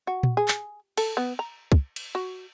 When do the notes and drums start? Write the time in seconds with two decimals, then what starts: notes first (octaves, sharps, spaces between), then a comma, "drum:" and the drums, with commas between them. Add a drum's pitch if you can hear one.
0.07 F#4
0.23 drum: tom A#2
0.37 G#4
0.48 drum: clap
0.97 A4, drum: cymbal
1.17 B3
1.39 A#5
1.72 drum: kick
1.96 drum: cymbal
2.15 F#4